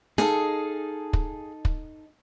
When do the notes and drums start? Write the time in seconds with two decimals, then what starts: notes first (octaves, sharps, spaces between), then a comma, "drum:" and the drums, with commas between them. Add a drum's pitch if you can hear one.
0.18 D#4 G#4 A4 F5, drum: snare
1.13 drum: kick
1.65 drum: kick